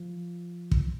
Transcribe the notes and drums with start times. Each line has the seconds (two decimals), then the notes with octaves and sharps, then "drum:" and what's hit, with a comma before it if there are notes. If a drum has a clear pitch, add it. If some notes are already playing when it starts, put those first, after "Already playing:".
Already playing: F3
0.71 drum: kick